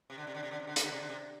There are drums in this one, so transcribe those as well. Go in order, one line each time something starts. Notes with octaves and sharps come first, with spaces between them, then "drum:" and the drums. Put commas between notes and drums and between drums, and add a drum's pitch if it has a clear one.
C3
D3
C3
D3
C3
D3
C3
D3
C3, drum: hi-hat
D3
C3
D3
C3